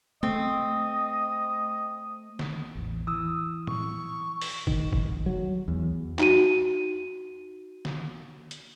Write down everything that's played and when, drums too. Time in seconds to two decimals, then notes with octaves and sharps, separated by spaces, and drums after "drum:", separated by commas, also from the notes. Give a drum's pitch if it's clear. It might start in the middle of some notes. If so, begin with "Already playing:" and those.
0.23 A3 C4 D#5
2.39 drum: snare
2.75 A1 E2
3.07 E3 D#6 E6
3.67 C#6, drum: tom
4.42 drum: open hi-hat
4.67 D#3, drum: kick
4.93 drum: kick
5.26 F#3
5.68 E2
6.19 D#4 F#4 D#7, drum: clap
7.85 drum: snare
8.51 drum: hi-hat